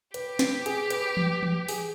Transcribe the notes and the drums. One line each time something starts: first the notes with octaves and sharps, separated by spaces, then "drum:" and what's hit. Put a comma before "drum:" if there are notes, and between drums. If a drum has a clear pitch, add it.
G4 B4, drum: hi-hat
B4, drum: snare
G#4, drum: hi-hat
B4, drum: hi-hat
drum: tom E3
drum: tom E3
G#4, drum: open hi-hat